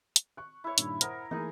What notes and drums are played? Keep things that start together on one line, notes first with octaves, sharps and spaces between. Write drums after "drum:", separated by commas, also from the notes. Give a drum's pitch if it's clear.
drum: hi-hat
C#6 F#6
E4 C#5
G2 A#2 D#3, drum: hi-hat
A#4 C5 F#5 D#6, drum: hi-hat
E3 A3 A#3 D#4 G#4